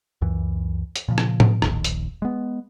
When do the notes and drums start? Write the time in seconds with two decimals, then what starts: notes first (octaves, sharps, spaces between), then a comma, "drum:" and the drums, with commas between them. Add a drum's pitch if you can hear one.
0.21 C#2 F#2 E3
0.96 drum: hi-hat
1.08 A#2 C#3 F3
1.18 drum: rim click
1.40 drum: tom A2
1.62 D#1 A#1 D#2, drum: rim click
1.84 drum: hi-hat
2.22 G#3 B3